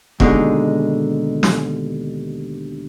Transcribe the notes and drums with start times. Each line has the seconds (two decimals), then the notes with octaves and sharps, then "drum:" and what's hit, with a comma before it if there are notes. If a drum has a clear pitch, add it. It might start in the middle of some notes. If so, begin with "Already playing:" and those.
0.20 D#2 B2 D3 G#3 D#4, drum: kick E1
1.43 drum: snare